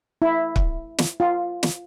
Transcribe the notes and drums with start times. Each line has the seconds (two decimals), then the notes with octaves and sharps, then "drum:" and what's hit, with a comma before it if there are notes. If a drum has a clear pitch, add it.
0.22 E4
0.56 drum: kick
0.98 drum: snare
1.20 F4
1.63 drum: snare